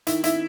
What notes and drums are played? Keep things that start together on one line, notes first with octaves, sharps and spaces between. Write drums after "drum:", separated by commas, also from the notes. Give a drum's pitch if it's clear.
D#3 E4 E5, drum: hi-hat
E4 E5, drum: hi-hat